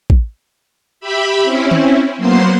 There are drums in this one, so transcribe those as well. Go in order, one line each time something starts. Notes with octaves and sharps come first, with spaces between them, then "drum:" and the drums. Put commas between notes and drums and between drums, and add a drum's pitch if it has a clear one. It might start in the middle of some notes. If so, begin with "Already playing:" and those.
drum: kick
G4 E5 B5
C4 C#4 E4
drum: tom
F#3 A#3 B3 C5 C6